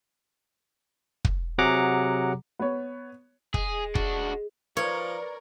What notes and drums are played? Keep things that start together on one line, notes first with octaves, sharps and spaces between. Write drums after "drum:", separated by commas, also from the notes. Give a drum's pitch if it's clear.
drum: kick
C3 F#3 G#4 F#5 A#5 D6
B3 C#5
G#3 G#4, drum: kick
D4 F#4, drum: kick
F3 A#4 B4 C#5 D5